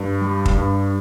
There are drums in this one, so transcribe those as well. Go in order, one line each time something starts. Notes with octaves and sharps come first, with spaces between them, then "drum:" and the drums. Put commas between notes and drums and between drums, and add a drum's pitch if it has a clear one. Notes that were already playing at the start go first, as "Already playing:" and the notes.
Already playing: G2
G3
drum: kick
G2